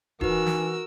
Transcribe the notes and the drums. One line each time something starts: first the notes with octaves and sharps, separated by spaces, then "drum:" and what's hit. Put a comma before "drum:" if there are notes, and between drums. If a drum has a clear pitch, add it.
E3 D#4 F#4 A#4 B4 E6, drum: kick D#1
drum: snare